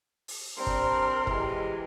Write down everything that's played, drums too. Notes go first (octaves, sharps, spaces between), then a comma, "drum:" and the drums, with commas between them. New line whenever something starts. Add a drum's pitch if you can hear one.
drum: open hi-hat
G3 C4 D4 A#4 C6
drum: kick
E3 G#3 G4, drum: kick